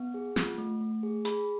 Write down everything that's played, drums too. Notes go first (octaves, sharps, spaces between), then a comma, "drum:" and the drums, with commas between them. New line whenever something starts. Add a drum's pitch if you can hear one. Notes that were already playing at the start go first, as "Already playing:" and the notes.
Already playing: B3 F#5
G#4
F4, drum: snare
A3
A3
G#4
G#4 B5, drum: hi-hat